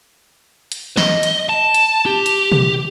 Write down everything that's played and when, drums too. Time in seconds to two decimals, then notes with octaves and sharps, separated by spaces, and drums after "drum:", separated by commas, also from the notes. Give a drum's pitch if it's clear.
0.72 drum: hi-hat
0.97 D#5, drum: snare
1.23 drum: hi-hat
1.49 A5
1.74 drum: hi-hat
2.06 G4
2.26 drum: hi-hat
2.52 drum: tom B2